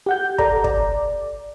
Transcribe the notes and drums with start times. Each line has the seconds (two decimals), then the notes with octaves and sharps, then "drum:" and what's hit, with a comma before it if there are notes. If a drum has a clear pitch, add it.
0.06 G4 F#5 G6
0.38 A4 D5 A#5, drum: kick
0.64 D5, drum: kick